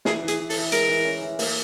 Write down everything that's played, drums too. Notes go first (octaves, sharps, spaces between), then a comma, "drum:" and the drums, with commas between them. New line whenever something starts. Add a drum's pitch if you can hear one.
E3 G#4, drum: snare
E3
G#4, drum: hi-hat
E3
A4, drum: open hi-hat
E3
G#3 A#4, drum: hi-hat
E3
C#4
E3
A#3, drum: open hi-hat